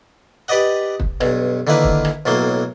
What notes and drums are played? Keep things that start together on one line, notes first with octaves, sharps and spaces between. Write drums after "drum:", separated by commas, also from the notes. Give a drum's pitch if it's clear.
G4 B4 D5 D#5 F#5
drum: kick
B1 G2, drum: rim click
D3 D#3 A#3 E4 B4
drum: kick
drum: rim click
B1 A2 F#3 A#3 C6